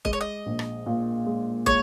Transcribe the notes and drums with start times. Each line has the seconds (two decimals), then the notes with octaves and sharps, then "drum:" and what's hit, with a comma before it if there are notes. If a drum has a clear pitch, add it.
0.05 G#3 D#5, drum: kick
0.13 C#5
0.21 D#5
0.46 A#1
0.59 drum: rim click
0.86 A#2
1.26 G#3
1.66 G#3 C#5, drum: kick